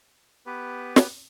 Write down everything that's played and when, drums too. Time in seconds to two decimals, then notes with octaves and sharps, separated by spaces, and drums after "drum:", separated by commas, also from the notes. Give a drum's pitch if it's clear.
0.46 B3 G4 B4
0.96 drum: snare